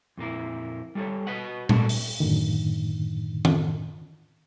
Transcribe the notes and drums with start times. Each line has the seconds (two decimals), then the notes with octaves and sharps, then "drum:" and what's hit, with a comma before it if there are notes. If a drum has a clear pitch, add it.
0.18 F2 A#2 A#3 E4
0.95 G3 A4 C#5
1.27 F#4 B4 D#5 F#5
1.69 G3 G#3 B3 D4 F#4 A4, drum: tom A#2
1.89 drum: open hi-hat
2.20 F#2 A2 D3 D#3
3.45 drum: tom D#3